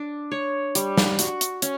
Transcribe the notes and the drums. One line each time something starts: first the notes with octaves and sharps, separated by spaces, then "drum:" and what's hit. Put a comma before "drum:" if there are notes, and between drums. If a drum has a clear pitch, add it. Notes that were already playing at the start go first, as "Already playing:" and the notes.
Already playing: D4
C#5
G3, drum: hi-hat
drum: snare
F#4, drum: hi-hat
drum: hi-hat
C#4, drum: hi-hat